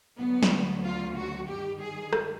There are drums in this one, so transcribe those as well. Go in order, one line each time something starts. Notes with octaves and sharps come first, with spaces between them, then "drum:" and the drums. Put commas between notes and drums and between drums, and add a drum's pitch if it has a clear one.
D2 D3 F#3 B3
drum: snare
F4
F#4
G2 D#3 G3 G4
G#4
drum: rim click